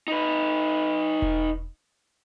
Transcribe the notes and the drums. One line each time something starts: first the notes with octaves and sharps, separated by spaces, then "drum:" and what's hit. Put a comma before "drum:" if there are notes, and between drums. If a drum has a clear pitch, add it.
D#4 B4
drum: kick E1